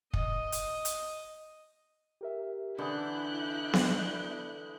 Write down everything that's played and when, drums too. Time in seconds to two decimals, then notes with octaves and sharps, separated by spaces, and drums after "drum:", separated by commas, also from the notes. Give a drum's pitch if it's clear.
0.14 D#5, drum: kick
0.52 drum: hi-hat
0.85 drum: hi-hat
2.21 G4 A#4 E5
2.78 D3 E3 E4 A4 D6 D#6 F#6 G6
3.73 drum: snare B3